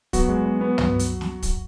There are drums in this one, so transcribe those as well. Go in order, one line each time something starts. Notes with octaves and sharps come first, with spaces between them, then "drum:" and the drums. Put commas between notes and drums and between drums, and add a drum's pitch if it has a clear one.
F#3 B3 F#4, drum: kick, hi-hat
G#3
B3
B3
drum: tom
drum: hi-hat
drum: snare
drum: kick, hi-hat